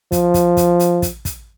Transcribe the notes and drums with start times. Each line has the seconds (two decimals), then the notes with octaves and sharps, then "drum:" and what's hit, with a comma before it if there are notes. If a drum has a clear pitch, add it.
0.12 F3, drum: kick, hi-hat
0.34 drum: kick, hi-hat
0.57 drum: kick, hi-hat
0.80 drum: hi-hat
1.02 drum: kick, hi-hat
1.25 drum: kick, hi-hat